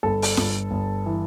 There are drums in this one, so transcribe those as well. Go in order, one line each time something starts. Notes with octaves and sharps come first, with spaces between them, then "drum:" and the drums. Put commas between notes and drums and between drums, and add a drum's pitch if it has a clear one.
G1 A4
drum: open hi-hat
G1, drum: snare F4
G1
E3